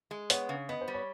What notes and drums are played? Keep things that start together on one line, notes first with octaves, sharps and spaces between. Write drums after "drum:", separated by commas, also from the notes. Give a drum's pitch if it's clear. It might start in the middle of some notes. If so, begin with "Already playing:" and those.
G#3
B3 C#5, drum: hi-hat
C#3
B3 D#5
C5
G3
C#5